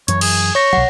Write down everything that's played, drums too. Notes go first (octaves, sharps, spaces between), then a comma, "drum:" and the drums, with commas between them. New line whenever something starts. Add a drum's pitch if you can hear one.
F#2 E3 C#5, drum: hi-hat
G#4, drum: cymbal
C#5 C#6 A#6
B1 F#3 F#5